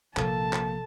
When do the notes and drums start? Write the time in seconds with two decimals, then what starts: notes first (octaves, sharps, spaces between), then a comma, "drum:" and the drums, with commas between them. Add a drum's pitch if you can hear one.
0.17 A#1 C3 F3 A#3 A4 A5, drum: clap
0.53 drum: clap